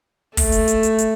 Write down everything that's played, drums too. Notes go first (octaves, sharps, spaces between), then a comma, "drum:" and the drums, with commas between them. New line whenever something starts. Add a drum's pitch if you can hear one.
A3, drum: kick, open hi-hat
drum: hi-hat
drum: hi-hat
drum: hi-hat
drum: hi-hat